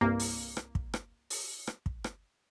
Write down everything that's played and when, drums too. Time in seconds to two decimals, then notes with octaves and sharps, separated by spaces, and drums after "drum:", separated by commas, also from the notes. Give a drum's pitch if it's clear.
0.01 C2 G2 A#3
0.20 drum: open hi-hat
0.57 drum: rim click
0.75 drum: kick
0.93 drum: rim click
1.30 drum: open hi-hat
1.67 drum: rim click
1.86 drum: kick
2.04 drum: rim click